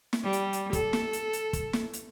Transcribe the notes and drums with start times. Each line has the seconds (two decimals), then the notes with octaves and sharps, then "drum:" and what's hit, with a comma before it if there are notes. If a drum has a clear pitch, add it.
0.13 drum: snare
0.23 G3
0.33 drum: hi-hat
0.53 drum: hi-hat
0.73 A4, drum: kick, hi-hat
0.93 drum: snare
1.13 drum: hi-hat
1.33 drum: hi-hat
1.53 drum: kick, hi-hat
1.73 drum: snare
1.93 drum: hi-hat